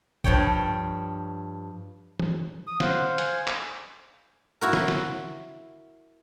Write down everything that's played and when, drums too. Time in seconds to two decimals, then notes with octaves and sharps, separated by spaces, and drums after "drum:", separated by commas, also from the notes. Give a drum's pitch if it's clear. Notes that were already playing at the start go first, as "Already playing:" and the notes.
0.24 G2 F3 C#5 G5, drum: kick
2.19 drum: tom
2.67 D#6
2.80 C5 F5 F#5, drum: snare
3.18 G#5, drum: hi-hat
3.47 drum: clap
4.61 E4 F#4 A#4
4.73 drum: snare
4.88 drum: snare